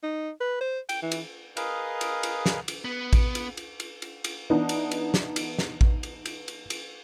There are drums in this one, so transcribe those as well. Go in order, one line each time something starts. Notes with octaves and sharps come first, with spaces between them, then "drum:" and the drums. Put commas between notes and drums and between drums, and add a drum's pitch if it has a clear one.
D#4
B4
C5
G5, drum: cymbal
E3
drum: cymbal
G#4 A#4 B4 D#5 F5, drum: cymbal
drum: cymbal
drum: cymbal
drum: snare
drum: cymbal
B3
drum: kick A1, cymbal
drum: cymbal
drum: cymbal
drum: cymbal
drum: cymbal
drum: cymbal
E3 B3 D4 D#4
drum: cymbal
drum: cymbal
drum: snare
drum: cymbal
drum: snare
drum: kick A1
drum: cymbal
drum: cymbal
drum: cymbal
drum: cymbal